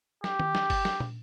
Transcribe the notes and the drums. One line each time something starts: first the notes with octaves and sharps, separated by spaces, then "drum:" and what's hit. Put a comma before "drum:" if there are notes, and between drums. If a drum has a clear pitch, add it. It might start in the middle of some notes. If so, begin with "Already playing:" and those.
G4, drum: snare
drum: tom D#3
drum: snare
drum: kick G1, open hi-hat
drum: snare
drum: tom